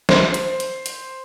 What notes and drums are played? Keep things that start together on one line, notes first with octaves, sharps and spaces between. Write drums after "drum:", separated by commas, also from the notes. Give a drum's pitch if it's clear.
C5, drum: snare
drum: hi-hat
drum: hi-hat
drum: hi-hat